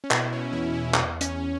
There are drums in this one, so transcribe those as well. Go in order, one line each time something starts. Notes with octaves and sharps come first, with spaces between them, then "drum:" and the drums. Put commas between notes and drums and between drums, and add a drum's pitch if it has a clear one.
C#4
B2 E4, drum: clap
C#4
E2 E4
C#4
E2, drum: clap
C#4, drum: hi-hat